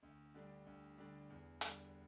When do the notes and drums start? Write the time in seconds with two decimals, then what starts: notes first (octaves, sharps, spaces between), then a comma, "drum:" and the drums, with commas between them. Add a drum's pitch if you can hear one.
0.03 D2
0.34 D3 G3 D4
0.66 D2
0.98 D3 G3 D4
1.30 E2
1.61 D3 G3, drum: hi-hat